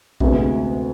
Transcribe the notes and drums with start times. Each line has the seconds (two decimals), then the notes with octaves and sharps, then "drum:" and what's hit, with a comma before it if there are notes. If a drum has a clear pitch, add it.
0.20 D2 C3 G#3 B3, drum: kick A#1